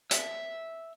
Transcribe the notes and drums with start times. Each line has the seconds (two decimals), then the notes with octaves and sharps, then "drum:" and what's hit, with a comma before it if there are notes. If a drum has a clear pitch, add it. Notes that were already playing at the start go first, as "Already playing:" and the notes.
0.11 E5, drum: hi-hat